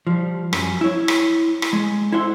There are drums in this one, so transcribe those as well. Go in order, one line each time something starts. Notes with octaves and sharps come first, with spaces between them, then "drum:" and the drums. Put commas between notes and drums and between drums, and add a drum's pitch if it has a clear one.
F3 G3
F#2 G3, drum: rim click
E4 C#5
drum: rim click
drum: rim click
G#3
E4 A4 C5 E5 F#5 C6